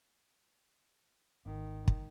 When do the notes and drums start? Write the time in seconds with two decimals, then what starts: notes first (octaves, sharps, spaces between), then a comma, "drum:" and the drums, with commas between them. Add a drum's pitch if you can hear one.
1.46 G#1 D#3
1.88 drum: kick